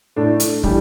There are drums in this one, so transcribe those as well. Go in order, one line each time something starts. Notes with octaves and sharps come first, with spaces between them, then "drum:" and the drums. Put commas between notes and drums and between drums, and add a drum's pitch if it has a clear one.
A2 A3 D4
drum: hi-hat
E3 G3 D4 G4, drum: kick